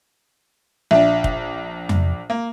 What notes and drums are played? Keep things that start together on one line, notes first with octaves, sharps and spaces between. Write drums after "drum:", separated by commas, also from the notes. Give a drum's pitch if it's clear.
A#1 D4 E5
drum: kick
drum: tom F2
A#3